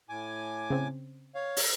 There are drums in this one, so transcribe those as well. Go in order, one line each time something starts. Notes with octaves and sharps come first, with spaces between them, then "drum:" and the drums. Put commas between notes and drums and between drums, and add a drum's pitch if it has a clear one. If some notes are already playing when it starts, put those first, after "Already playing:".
A2 G#5 D6
C#3 C4
C#5 F5
drum: open hi-hat